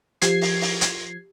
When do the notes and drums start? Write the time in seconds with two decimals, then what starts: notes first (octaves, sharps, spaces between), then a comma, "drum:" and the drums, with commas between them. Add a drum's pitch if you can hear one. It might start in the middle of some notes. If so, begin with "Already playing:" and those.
0.22 F3 G4 G#6 C7, drum: hi-hat
0.41 drum: open hi-hat
0.61 drum: open hi-hat
0.81 drum: hi-hat